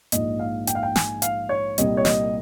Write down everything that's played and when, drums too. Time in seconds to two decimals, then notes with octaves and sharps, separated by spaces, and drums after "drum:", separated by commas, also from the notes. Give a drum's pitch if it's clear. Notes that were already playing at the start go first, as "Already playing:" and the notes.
0.12 A#1 G#2 F3 D#5, drum: hi-hat
0.39 F5
0.67 G5, drum: hi-hat
0.75 F5
0.83 G5
0.96 G#5, drum: snare
1.22 F5, drum: hi-hat
1.49 C#5
1.78 C2 A#2 G3 D#5, drum: hi-hat
1.97 C#5
2.05 D#5, drum: snare